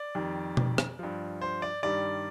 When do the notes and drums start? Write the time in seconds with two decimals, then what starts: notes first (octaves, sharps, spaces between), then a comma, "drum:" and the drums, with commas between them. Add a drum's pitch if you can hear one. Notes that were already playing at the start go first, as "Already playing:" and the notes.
Already playing: D5
0.15 F2 D#3 G3
0.57 drum: tom B2
0.78 drum: rim click
0.99 G2 F3
1.42 C5
1.62 D5
1.83 G2 D#3 G3 D5